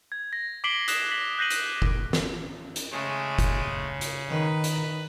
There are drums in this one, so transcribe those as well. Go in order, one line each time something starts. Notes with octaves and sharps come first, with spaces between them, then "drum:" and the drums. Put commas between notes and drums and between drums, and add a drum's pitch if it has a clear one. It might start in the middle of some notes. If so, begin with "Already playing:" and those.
G#6
A#6
D6 B6 C7 D7 F#7 G7
D#6 F#6 C7 E7, drum: hi-hat
A#6 B6 F#7
F#6 G6 A#6 C7 D#7 F#7
drum: hi-hat
drum: kick F#1
drum: snare
drum: hi-hat
C#3 G#3 A3
drum: kick F#1, hi-hat
drum: hi-hat
D#3 B4
drum: hi-hat